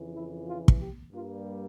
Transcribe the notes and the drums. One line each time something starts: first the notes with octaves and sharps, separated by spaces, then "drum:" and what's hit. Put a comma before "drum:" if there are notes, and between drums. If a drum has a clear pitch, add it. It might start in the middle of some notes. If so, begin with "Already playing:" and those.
Already playing: F2 C#3 E3
E4
F4
drum: kick
G4
G2 G3 A#3 F4